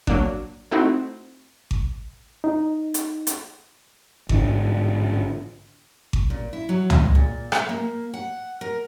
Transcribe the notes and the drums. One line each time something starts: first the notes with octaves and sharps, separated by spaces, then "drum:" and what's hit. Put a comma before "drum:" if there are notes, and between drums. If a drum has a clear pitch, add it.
F#3 A#3 D4, drum: kick G#1
A3 C4 D#4 E4 F#4
drum: kick G#1
D#4
drum: hi-hat
drum: hi-hat
A1 G#2 D3 D4, drum: kick G#1
drum: kick G#1
A#2
E4
F#3
G#3, drum: tom
A#2
E5, drum: rim click
A#3
F#5
A#4